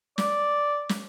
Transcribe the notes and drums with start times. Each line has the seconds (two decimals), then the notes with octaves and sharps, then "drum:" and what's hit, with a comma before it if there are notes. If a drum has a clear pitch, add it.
0.18 D5, drum: snare
0.89 drum: snare